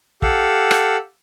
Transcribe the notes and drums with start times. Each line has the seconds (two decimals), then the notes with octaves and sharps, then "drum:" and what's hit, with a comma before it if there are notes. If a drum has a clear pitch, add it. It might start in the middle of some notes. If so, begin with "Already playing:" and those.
0.22 G4 A4 F5 F#5 E6, drum: kick
0.71 drum: rim click